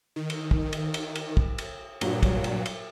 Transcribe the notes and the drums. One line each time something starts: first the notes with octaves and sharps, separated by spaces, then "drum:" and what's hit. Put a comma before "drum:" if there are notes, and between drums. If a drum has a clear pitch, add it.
D#3
drum: cymbal
drum: kick
drum: cymbal
drum: cymbal
drum: cymbal
drum: kick
drum: cymbal
G2 A#2 F#3, drum: cymbal
drum: kick, cymbal
drum: cymbal
drum: cymbal